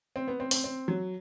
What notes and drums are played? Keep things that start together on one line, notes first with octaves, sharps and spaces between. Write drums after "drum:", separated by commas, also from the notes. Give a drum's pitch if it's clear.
C4
B3
C4
C4, drum: open hi-hat
C4
F#3